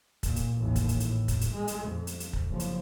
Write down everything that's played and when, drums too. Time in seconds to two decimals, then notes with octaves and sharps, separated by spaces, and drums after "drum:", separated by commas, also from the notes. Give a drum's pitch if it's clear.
0.23 A#2, drum: kick, hi-hat
0.36 drum: hi-hat
0.57 A1 D#2
0.76 drum: kick, hi-hat
0.89 drum: hi-hat
1.00 A2, drum: hi-hat
1.28 drum: kick, hi-hat
1.41 drum: hi-hat
1.51 G#3
1.68 drum: hi-hat
1.85 F2
2.07 drum: hi-hat
2.20 drum: hi-hat
2.33 drum: kick
2.49 F#1 F3
2.60 drum: hi-hat